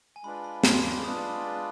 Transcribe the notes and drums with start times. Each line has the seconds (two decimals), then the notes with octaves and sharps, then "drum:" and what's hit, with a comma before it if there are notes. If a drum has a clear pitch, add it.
0.16 G#5
0.24 G#3 D4 F4 B4 D5 B5
0.44 B5
0.64 C6, drum: snare
0.83 D6
1.04 G#3 D4 F4 B4 D5 D#6